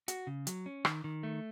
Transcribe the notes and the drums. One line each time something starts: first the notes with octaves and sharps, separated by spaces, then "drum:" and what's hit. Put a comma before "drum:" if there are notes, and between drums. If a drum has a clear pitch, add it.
F#4, drum: hi-hat
C#3
F#3, drum: hi-hat
C#4
D#3, drum: rim click
D#3
A3